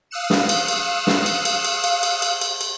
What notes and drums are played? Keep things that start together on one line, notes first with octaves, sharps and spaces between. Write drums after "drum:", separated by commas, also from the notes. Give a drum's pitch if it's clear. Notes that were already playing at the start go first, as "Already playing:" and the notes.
F5 D#6 E6 F#6 C#7 E7
drum: snare
drum: cymbal
drum: cymbal
drum: snare
drum: cymbal
drum: cymbal
drum: cymbal
drum: cymbal
drum: cymbal
drum: cymbal
drum: cymbal
drum: cymbal